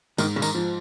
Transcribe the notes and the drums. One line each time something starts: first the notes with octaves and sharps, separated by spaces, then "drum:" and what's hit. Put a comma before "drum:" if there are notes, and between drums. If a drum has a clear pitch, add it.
G#2 D#3, drum: tambourine
C#3
D#3, drum: tambourine
F3